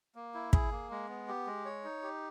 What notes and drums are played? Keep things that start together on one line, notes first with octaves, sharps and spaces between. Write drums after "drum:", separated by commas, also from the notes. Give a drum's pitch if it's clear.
A#3
E4
G#4, drum: kick
A#3
G#3
B3
G4
G#3
C#5
D#4
G4